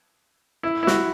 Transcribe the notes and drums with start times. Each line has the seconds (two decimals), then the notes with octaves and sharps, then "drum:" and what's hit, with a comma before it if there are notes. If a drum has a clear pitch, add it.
0.63 E4
0.83 E4
0.87 F#4, drum: snare